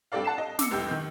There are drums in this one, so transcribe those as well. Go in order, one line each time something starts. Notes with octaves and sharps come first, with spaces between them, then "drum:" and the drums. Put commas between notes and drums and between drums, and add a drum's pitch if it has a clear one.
G2 C4 G4 A4 D5 F5
F#5 A5 C7 E7
D#5
D6 E6 C#7, drum: snare
F1 C2 G4 E6 G6
D#3